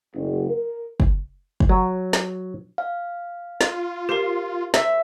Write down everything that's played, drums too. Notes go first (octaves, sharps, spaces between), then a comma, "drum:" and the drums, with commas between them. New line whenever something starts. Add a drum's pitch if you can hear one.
F#1
A#4
drum: kick
drum: kick
F#3
drum: snare
F5
F4, drum: snare
G4 A#4 C5
C5 E5, drum: snare